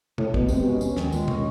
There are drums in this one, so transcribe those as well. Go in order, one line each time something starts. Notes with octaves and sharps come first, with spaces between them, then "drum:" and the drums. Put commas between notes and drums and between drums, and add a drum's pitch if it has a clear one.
D#2 A2, drum: tom B2
B2 D#3, drum: kick
C3 G#3, drum: tambourine
B2 C#4
D#2, drum: tambourine
D#3, drum: snare
A#2 G#3, drum: tambourine
C#4, drum: tom B2